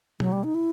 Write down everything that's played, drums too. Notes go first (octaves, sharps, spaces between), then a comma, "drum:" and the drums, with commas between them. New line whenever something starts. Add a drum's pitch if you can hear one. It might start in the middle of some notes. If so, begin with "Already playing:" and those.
F#3, drum: tom B2
G3
D#4
E4